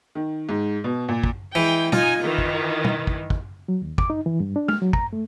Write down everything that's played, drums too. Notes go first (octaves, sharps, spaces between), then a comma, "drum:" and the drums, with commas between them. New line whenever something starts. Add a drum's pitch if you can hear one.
D#3
G#2
B2
A#2
drum: kick
E3 G#3 G5
D#4 F4 G#5, drum: tom
D#3 E3
drum: kick
drum: tom
drum: kick
drum: kick
F#3
D#2
D6, drum: kick
D#4
E3
G2
D4
F6, drum: tom
F#3
A#5, drum: kick
A3